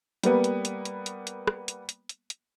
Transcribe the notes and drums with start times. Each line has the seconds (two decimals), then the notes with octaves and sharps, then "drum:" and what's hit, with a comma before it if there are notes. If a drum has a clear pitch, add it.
0.23 G3 A#3 B3, drum: hi-hat
0.44 drum: hi-hat
0.65 drum: hi-hat
0.85 drum: hi-hat
1.06 drum: hi-hat
1.27 drum: hi-hat
1.47 drum: rim click
1.68 drum: hi-hat
1.89 drum: hi-hat
2.09 drum: hi-hat
2.30 drum: hi-hat